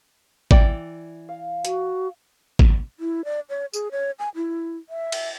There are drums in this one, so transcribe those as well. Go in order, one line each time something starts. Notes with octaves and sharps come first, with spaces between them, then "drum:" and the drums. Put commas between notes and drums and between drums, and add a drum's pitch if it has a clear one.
E3 D5 G5, drum: kick G#1
F5
F#4, drum: hi-hat
drum: kick G#1
E4
D5
C#5
G#4, drum: tambourine
C#5
G#5
E4
E5
drum: cymbal